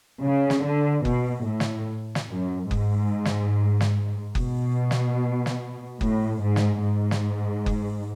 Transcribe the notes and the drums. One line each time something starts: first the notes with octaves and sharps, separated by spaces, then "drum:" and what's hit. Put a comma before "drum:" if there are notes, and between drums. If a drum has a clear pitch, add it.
C#3
drum: snare
D3
B2, drum: kick F#1
A2
drum: snare
drum: snare
F#2
G#2, drum: kick F#1
drum: snare
drum: snare
B2, drum: kick F#1
drum: snare
drum: snare
A2, drum: kick F#1
G#2
drum: snare
G#2
drum: snare
drum: kick F#1